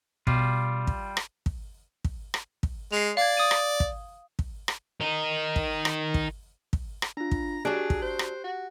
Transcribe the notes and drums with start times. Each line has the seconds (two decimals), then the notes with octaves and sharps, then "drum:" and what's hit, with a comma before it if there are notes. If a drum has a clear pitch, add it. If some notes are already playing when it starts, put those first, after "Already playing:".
0.27 B2 G3 F4, drum: kick
0.87 drum: kick
1.17 drum: rim click
1.46 drum: kick
2.04 drum: kick
2.34 drum: rim click
2.63 drum: kick
2.92 G#3 C7 F7
3.17 D5 F5 G#6
3.37 D#6 D#7
3.51 drum: rim click
3.80 drum: kick
4.39 drum: kick
4.68 drum: rim click
5.01 D#4 A#4
5.56 drum: kick
5.85 drum: rim click
6.14 drum: kick
6.73 drum: kick
7.02 drum: rim click
7.17 D4 F4 A#5
7.31 drum: kick
7.65 F#3 D4 G4 G#4 F#6 D7
7.90 drum: kick
8.02 C5
8.19 drum: rim click
8.44 F#4